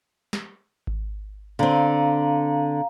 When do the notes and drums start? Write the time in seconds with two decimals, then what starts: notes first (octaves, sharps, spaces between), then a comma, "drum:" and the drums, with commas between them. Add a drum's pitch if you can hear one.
0.33 drum: snare
0.87 drum: kick G#1
1.59 D3 C4 F5 A#5